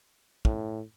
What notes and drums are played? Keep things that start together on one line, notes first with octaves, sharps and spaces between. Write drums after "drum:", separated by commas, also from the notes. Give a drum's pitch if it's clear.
A2, drum: kick